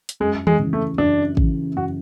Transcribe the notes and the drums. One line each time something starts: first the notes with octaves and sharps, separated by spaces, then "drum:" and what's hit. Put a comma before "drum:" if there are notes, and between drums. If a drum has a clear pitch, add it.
drum: hi-hat
F#2 G#3
G#3, drum: tom D#3
C#3 E3
A3
F#2 D4
C#3 E3, drum: kick
F#2 F#4